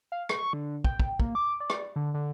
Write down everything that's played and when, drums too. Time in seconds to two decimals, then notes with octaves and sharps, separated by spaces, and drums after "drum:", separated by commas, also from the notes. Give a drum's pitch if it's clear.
0.12 F5
0.29 C#6, drum: rim click
0.53 D3
0.84 G5, drum: kick
1.00 drum: kick
1.20 A#3, drum: kick
1.35 D6
1.60 D5
1.70 drum: rim click
1.96 D3
2.14 D3